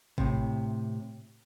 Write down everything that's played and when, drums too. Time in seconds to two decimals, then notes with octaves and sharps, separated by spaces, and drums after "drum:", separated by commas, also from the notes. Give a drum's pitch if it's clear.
0.18 A2 C3, drum: kick G#1